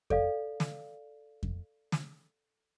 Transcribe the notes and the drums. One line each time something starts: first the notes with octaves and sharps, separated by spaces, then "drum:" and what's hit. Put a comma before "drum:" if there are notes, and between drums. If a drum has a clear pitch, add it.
A4 D5 F5, drum: kick F2
drum: snare
drum: kick F2
drum: snare